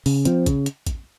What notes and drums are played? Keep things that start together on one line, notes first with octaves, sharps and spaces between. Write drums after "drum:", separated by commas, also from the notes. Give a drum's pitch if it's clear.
C#3, drum: open hi-hat
F3 C4, drum: hi-hat
C#3, drum: kick A1, hi-hat
drum: hi-hat
drum: kick A1, hi-hat